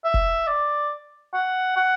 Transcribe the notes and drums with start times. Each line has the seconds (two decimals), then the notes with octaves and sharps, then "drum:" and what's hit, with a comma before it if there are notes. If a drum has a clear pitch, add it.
0.04 E5
0.14 drum: kick
0.47 D5
1.34 F#5
1.76 F#5